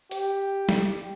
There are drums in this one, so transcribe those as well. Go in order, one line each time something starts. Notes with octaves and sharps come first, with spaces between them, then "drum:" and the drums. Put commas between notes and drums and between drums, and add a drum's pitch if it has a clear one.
G4, drum: hi-hat
drum: snare G3